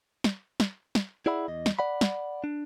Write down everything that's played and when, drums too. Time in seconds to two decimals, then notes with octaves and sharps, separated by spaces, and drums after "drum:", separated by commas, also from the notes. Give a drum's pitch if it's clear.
0.24 drum: snare
0.60 drum: snare
0.95 drum: snare
1.26 E4 G#4 D5 E5 F#5 B5
1.48 E2 D#5
1.66 drum: snare
1.79 D5 F#5 B5
2.01 drum: snare
2.44 D4